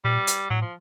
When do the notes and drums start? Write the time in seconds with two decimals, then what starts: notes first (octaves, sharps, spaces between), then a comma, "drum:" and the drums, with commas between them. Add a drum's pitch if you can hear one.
0.04 A#2 G3
0.27 drum: hi-hat
0.50 A2 F#3
0.62 F3